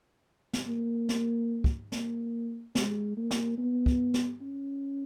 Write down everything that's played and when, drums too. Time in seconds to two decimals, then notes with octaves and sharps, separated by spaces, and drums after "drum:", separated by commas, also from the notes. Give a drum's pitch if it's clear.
0.53 drum: snare
0.67 A#3
1.09 drum: snare
1.64 drum: kick
1.92 A#3, drum: snare
2.75 G#3, drum: snare
3.17 A#3
3.31 drum: snare
3.58 B3
3.86 drum: kick
4.14 drum: snare
4.42 C#4